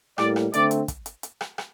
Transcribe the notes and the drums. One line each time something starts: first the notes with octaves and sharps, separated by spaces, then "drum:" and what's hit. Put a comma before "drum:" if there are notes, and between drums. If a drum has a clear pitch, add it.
A2 G3 A#3 D5, drum: rim click
drum: rim click
D3 A3 C4 D5, drum: hi-hat
drum: hi-hat
drum: kick, hi-hat
drum: hi-hat
drum: hi-hat
drum: rim click
drum: rim click